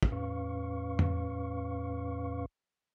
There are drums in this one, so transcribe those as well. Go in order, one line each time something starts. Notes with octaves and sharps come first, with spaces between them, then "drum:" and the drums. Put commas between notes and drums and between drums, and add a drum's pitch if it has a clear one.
drum: kick
E2 A2 C#4 B4 F5 C#6
drum: tom